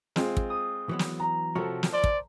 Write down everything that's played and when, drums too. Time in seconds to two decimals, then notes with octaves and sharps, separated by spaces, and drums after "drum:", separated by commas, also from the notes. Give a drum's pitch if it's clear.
0.16 G#3 C4 F4, drum: snare
0.37 drum: kick
0.50 D#6
0.89 E3 F#3 B3
0.99 drum: snare
1.20 A#5
1.55 C3 F3 F#4 A4 C#5
1.83 drum: snare
1.93 C5 D5
2.04 drum: kick